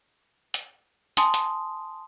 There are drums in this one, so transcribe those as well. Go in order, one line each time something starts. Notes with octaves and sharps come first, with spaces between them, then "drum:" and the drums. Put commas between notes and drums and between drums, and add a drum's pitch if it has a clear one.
drum: hi-hat
G#5 A5 C6 D#6, drum: hi-hat
drum: hi-hat